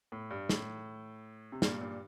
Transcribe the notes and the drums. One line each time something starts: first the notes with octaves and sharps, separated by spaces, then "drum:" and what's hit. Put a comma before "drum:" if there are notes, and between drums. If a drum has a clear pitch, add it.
A2
G2
A2, drum: snare
C3
G2 A#2, drum: snare
G2 A#2